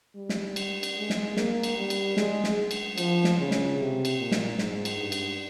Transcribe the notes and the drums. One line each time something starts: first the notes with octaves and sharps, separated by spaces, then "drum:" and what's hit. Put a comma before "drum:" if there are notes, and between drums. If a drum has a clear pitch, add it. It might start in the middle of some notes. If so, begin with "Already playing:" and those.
G3
drum: snare
drum: cymbal
drum: cymbal
G#3
drum: snare
A#3, drum: snare
drum: cymbal
G3
drum: cymbal
G#3, drum: snare
drum: snare
drum: cymbal
F3, drum: cymbal
drum: snare
C#3
drum: snare
C3
drum: cymbal
A#2
drum: snare
G#2, drum: snare
drum: cymbal
G2
drum: cymbal